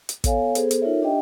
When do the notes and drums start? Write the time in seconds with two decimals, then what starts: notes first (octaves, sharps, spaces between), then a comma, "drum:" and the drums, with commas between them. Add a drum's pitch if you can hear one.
0.09 drum: hi-hat
0.24 B3 A4 C#5 F5 G#5, drum: kick, hi-hat
0.55 B3 G#4 A4 C5, drum: hi-hat
0.71 drum: hi-hat
0.82 D#4 F4 A4 A#4 C#5 E5
1.02 D4 G4 D#5 E5 G5